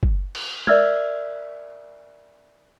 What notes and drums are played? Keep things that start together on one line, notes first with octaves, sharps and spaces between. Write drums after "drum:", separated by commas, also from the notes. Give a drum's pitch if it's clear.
drum: kick
drum: cymbal
A#4 D5 E5 E6 F6 G#6, drum: tom